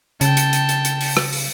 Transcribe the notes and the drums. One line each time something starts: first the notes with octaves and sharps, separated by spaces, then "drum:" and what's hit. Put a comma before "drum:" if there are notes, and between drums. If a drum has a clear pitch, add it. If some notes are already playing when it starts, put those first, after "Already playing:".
C#3 G5 A5, drum: hi-hat
drum: hi-hat
drum: hi-hat
drum: hi-hat
drum: hi-hat
drum: open hi-hat
drum: rim click
drum: open hi-hat